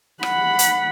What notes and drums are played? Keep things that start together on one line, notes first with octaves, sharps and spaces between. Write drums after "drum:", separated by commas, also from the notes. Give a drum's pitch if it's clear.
F#5 B5, drum: rim click
drum: hi-hat